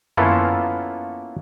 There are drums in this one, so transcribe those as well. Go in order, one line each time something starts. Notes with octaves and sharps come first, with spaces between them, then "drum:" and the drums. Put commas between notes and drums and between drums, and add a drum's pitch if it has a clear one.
A#3 B3 C#4 E4 F4 A4, drum: tom F#2